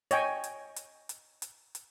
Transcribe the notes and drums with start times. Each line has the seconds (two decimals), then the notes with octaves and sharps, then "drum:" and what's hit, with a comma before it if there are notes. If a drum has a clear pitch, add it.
0.11 C#5 D#5 G5 G#5, drum: hi-hat
0.44 drum: hi-hat
0.76 drum: hi-hat
1.09 drum: hi-hat
1.42 drum: hi-hat
1.75 drum: hi-hat